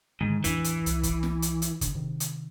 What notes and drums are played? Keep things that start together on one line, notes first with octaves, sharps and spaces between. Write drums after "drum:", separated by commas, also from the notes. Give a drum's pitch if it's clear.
G#2 D3 D#3
A1 E2 E3 D4, drum: hi-hat
drum: hi-hat
C2, drum: hi-hat
drum: kick, hi-hat
drum: snare
drum: hi-hat
drum: hi-hat
D3, drum: kick, hi-hat
C3 D#3
drum: hi-hat